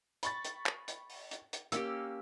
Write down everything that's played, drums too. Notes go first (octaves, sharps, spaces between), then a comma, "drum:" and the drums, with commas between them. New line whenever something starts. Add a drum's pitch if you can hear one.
B5 C#6 A6, drum: hi-hat
drum: hi-hat
drum: clap
drum: hi-hat
drum: open hi-hat
drum: hi-hat
drum: hi-hat
A#3 C#4 G4 E6, drum: hi-hat